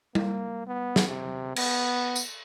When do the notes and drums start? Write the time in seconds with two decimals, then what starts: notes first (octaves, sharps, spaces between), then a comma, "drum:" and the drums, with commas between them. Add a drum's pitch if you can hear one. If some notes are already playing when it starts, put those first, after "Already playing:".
0.15 A#3, drum: tom G3
0.67 B3
0.96 drum: snare
1.08 C3
1.56 B3, drum: cymbal
2.16 drum: tambourine